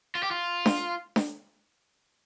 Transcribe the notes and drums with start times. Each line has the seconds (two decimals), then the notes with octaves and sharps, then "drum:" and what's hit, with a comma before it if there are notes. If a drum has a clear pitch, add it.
0.15 F4
0.23 G4
0.31 F4
0.66 drum: snare D4
1.16 drum: snare D4